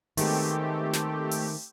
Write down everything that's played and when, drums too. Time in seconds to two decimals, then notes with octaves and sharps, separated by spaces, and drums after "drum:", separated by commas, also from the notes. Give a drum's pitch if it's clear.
0.17 D#3 G#3 A3 B3 C4 G4, drum: open hi-hat
0.93 drum: snare
1.31 drum: open hi-hat